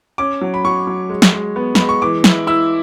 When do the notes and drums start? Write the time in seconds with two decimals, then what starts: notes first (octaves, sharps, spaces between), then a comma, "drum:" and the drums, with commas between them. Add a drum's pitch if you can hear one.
0.18 C#4 D6
0.41 F#3
0.54 B5
0.64 F#3 C#6
0.87 F#3
1.09 G#3
1.22 drum: snare
1.32 G#3
1.56 B3
1.75 G#3 B5, drum: snare
1.89 C#6
2.02 E3 D6
2.24 E4, drum: snare
2.47 E4 E6